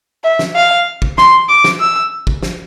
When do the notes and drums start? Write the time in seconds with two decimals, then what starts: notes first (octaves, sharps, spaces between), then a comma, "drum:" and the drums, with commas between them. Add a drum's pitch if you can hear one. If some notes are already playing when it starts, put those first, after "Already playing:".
0.24 E5
0.39 drum: snare
0.55 F5
1.02 drum: kick
1.18 C6, drum: snare
1.48 D6
1.64 drum: snare
1.80 E6
2.27 drum: kick
2.43 drum: snare